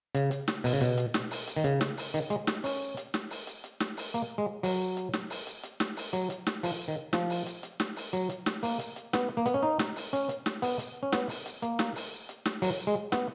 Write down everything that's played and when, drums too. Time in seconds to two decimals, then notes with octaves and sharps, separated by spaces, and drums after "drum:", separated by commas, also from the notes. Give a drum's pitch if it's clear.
0.15 C#3, drum: hi-hat
0.31 drum: hi-hat
0.48 drum: snare
0.64 B2, drum: open hi-hat
0.73 C#3
0.81 B2, drum: hi-hat
0.98 drum: hi-hat
1.14 drum: snare
1.31 drum: open hi-hat
1.47 drum: hi-hat
1.56 D#3
1.64 C#3, drum: hi-hat
1.81 drum: snare
1.97 drum: open hi-hat
2.14 D#3, drum: hi-hat
2.30 G#3, drum: hi-hat
2.47 drum: snare
2.64 C#4, drum: open hi-hat
2.97 drum: hi-hat
3.14 drum: snare
3.30 drum: open hi-hat
3.47 drum: hi-hat
3.64 drum: hi-hat
3.80 drum: snare
3.97 drum: open hi-hat
4.14 A#3, drum: hi-hat
4.38 G#3
4.63 F#3, drum: open hi-hat
4.97 drum: hi-hat
5.13 drum: snare
5.30 drum: open hi-hat
5.47 drum: hi-hat
5.63 drum: hi-hat
5.80 drum: snare
5.97 drum: open hi-hat
6.13 F#3, drum: hi-hat
6.30 drum: hi-hat
6.47 drum: snare
6.63 F3, drum: open hi-hat
6.88 D#3
7.13 F3, drum: snare
7.30 drum: open hi-hat
7.46 drum: hi-hat
7.63 drum: hi-hat
7.80 drum: snare
7.96 drum: open hi-hat
8.13 F#3, drum: hi-hat
8.30 drum: hi-hat
8.46 drum: snare
8.63 A#3, drum: open hi-hat
8.79 drum: hi-hat
8.96 drum: hi-hat
9.13 B3, drum: snare
9.37 A#3
9.46 B3, drum: hi-hat
9.54 C#4
9.63 D#4
9.79 drum: snare
9.96 drum: open hi-hat
10.13 C#4, drum: hi-hat
10.29 drum: hi-hat
10.46 drum: snare
10.62 B3, drum: open hi-hat
10.79 drum: hi-hat
11.03 C#4
11.12 B3, drum: snare
11.29 drum: open hi-hat
11.46 drum: hi-hat
11.62 A#3, drum: hi-hat
11.79 drum: snare
11.96 drum: open hi-hat
12.29 drum: hi-hat
12.45 drum: snare
12.62 F#3, drum: open hi-hat
12.87 G#3
13.12 B3, drum: snare